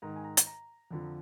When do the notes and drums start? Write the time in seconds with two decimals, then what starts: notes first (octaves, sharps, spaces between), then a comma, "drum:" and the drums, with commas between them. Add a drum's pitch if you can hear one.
0.02 G#2 D#3 A#5
0.16 G#5
0.24 A#5
0.37 drum: hi-hat
0.46 A#5
0.91 F2 D3 F3